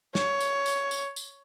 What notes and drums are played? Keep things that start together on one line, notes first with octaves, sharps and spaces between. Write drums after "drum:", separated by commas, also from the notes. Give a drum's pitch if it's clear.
C#5, drum: snare
drum: tambourine
drum: tambourine
drum: tambourine
drum: tambourine